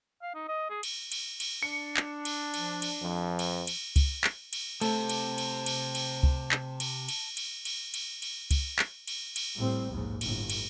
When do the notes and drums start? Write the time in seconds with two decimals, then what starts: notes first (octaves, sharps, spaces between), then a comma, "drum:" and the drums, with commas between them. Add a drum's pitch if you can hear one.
0.22 F5
0.35 D#4
0.48 D#5
0.70 G#4
0.83 drum: cymbal
1.12 drum: cymbal
1.40 drum: cymbal
1.63 D4 C#7
1.97 drum: clap
2.25 drum: cymbal
2.54 F3, drum: cymbal
2.82 drum: cymbal
3.02 F2 F3
3.39 drum: cymbal
3.67 drum: cymbal
3.96 drum: kick C#2, cymbal
4.24 drum: clap
4.53 drum: cymbal
4.81 C3 A3 C5 A5, drum: cymbal
5.09 drum: cymbal
5.38 drum: cymbal
5.66 drum: cymbal
5.95 drum: cymbal
6.23 drum: kick C#2
6.52 drum: clap
6.80 drum: cymbal
7.08 drum: cymbal
7.37 drum: cymbal
7.65 drum: cymbal
7.94 drum: cymbal
8.22 drum: cymbal
8.51 drum: kick C#2, cymbal
8.79 drum: clap
9.07 drum: cymbal
9.36 drum: cymbal
9.58 A2 G3 C4
9.89 A#1 D#2 G#2
10.21 G1 A2, drum: cymbal
10.50 drum: cymbal